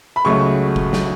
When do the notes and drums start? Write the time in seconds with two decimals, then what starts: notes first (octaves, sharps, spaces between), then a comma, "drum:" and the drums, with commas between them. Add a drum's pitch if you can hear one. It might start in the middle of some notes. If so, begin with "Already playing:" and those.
0.16 B5
0.25 C#2 C#3 F#3 A3 C#6
0.76 drum: kick F1
0.93 drum: snare